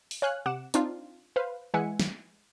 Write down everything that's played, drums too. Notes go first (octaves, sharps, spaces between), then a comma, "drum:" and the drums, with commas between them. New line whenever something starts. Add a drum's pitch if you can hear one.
drum: open hi-hat
C#5 F5 G#5 F6 F#6
C3 F#5 D6 E7
C4 D4 D#4 F4, drum: hi-hat
B4 C5 F5
E3 G#3 E5 F#5 G#5 C#7
drum: snare